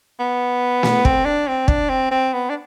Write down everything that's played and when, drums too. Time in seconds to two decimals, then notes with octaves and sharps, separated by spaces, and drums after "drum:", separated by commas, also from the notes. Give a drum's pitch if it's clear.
0.19 B3
0.83 drum: snare
1.05 C4, drum: kick
1.25 D4
1.48 C4
1.68 D4, drum: kick
1.89 C4
2.11 C4
2.33 B3
2.50 D4